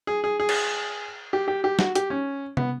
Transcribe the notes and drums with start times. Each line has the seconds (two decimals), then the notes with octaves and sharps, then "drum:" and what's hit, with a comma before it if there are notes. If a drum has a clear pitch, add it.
0.07 G#4
0.24 G#4
0.40 G#4
0.49 drum: cymbal
1.33 G4
1.48 G4
1.64 G4
1.79 F#4, drum: snare
1.95 G4, drum: hi-hat
2.10 C#4
2.57 B3, drum: tom